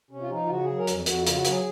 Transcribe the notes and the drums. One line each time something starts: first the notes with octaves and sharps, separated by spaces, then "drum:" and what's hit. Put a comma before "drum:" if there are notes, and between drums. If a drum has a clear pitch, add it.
C3 C#4
F4
F3 D#4
F4
C#3 F#4
F#3 G#4
A#4
F2, drum: hi-hat
F2 F#4, drum: hi-hat
F4
C#3, drum: hi-hat
F#4
F#3, drum: hi-hat
G#4